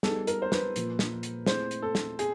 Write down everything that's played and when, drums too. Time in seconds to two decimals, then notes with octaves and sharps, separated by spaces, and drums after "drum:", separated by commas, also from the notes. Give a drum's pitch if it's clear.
0.03 G3 B3 D#4 G#4 A4, drum: snare
0.27 A#4, drum: hi-hat
0.42 C5
0.52 B4, drum: snare
0.76 A#2 F3 A#3, drum: hi-hat
0.99 drum: snare
1.23 drum: hi-hat
1.46 A3 C4 E4 G#4 C5, drum: snare
1.71 drum: hi-hat
1.82 A4
1.95 drum: snare
2.19 G#4, drum: hi-hat